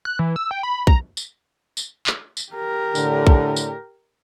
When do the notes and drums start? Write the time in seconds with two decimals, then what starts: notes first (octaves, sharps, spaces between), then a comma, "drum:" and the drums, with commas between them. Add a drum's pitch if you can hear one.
0.05 F#6
0.19 E3
0.36 E6
0.51 G5
0.63 B5
0.87 A#5, drum: kick
1.17 drum: tambourine
1.77 drum: tambourine
2.07 drum: clap
2.37 drum: tambourine
2.52 G4 A#4
2.95 A2 D3, drum: tambourine
3.27 drum: kick
3.56 drum: tambourine